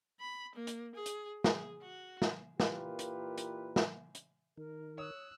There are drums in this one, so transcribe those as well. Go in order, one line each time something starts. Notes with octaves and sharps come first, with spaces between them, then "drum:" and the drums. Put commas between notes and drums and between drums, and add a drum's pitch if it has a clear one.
B5
A#3
drum: hi-hat
G#4
drum: hi-hat
G#4, drum: snare
F#4
drum: snare
A#2 E3 F4 G4 A#4 B4, drum: snare
drum: hi-hat
drum: hi-hat
drum: snare
drum: hi-hat
D#3 D#4 A#4
C#5 D#6 E6 F#6